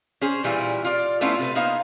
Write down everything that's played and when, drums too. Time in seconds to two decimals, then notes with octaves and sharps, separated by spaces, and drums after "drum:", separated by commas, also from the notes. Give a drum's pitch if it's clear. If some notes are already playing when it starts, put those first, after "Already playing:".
0.21 C#4 G#4 C5, drum: hi-hat
0.33 drum: hi-hat
0.44 A#2 E3 G3 E4 F4, drum: hi-hat
0.73 drum: hi-hat
0.84 F4 D5, drum: hi-hat
0.99 drum: hi-hat
1.21 A3 B3 C#4 E4 F4 F5
1.39 C3 A3 B4
1.55 A#3 B3 D#4 C5 F5